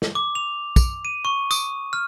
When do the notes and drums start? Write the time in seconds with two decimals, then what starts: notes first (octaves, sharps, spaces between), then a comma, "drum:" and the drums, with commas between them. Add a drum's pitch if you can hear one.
0.02 drum: snare
0.15 D6
0.35 F7
0.76 drum: kick, tambourine
1.05 D#7
1.25 C#6
1.51 D#6, drum: tambourine
1.93 F6